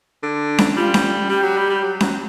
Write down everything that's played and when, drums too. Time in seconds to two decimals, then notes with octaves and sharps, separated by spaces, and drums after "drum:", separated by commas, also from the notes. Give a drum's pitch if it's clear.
0.23 D3
0.58 drum: snare C#4
0.76 G3 F4
0.94 drum: snare C#4
1.29 G3 G4
1.43 F#3
1.57 G3
1.70 G3
1.83 F#3
2.00 F#3, drum: snare C#4